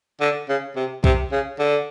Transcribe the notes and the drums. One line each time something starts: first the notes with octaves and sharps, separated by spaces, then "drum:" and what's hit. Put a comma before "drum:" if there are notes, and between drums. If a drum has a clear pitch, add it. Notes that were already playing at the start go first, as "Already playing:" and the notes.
D3
C#3
C3
C3, drum: kick B1
C#3
D3